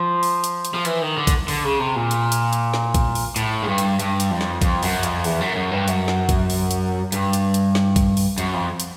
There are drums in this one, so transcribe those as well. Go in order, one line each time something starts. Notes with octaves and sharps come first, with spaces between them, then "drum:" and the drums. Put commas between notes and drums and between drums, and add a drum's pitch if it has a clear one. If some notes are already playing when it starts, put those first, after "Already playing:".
Already playing: F3
drum: open hi-hat
drum: hi-hat
drum: hi-hat
F3
E3, drum: hi-hat
D#3
D3
drum: kick A#1, hi-hat
D3, drum: open hi-hat
C#3
C3
A#2
drum: hi-hat
drum: hi-hat
drum: hi-hat
drum: snare
drum: kick A#1, hi-hat
drum: open hi-hat
A2, drum: hi-hat
G#2
G2
drum: hi-hat
G2, drum: hi-hat
drum: hi-hat
F2
drum: snare
F2, drum: kick A#1, hi-hat
F#2, drum: open hi-hat
F2, drum: hi-hat
E2, drum: open hi-hat
F#2
F#2
G2
F#2, drum: hi-hat
drum: snare
drum: kick A#1, hi-hat
drum: open hi-hat
drum: hi-hat
G2, drum: hi-hat
drum: hi-hat
drum: hi-hat
drum: snare
drum: kick A#1, hi-hat
drum: open hi-hat
F#2, drum: hi-hat
F2
drum: hi-hat